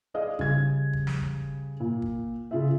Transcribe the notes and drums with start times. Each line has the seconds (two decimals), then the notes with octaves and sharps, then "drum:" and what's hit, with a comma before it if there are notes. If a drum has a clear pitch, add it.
0.14 G#4 D5 D#5 F5
0.39 C#3 G3 G#6, drum: kick
0.93 drum: kick
1.07 drum: snare
1.20 drum: kick
1.80 A#2
2.02 drum: kick
2.51 C#3 F4 E5